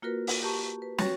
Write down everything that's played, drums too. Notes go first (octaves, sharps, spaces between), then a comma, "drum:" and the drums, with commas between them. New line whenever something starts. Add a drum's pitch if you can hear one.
A#3 F4 F#4 A#4 B4
drum: open hi-hat
G4 A5 A#5 C#6
B4
F#4 C#5 G5 C#6 A6 A#6, drum: snare